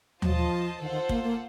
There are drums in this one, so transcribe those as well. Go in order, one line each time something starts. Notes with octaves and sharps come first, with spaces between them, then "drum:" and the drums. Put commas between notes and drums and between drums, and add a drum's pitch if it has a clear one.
F#3 F4 C5 D#5 A5, drum: tom D#2
F3
D#3 F4 A4 C5 F#5
D#3
A#3, drum: kick
A#3